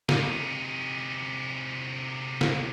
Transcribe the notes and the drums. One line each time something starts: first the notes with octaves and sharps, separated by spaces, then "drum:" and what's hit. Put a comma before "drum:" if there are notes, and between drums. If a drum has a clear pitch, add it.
C3 D#4, drum: snare
drum: snare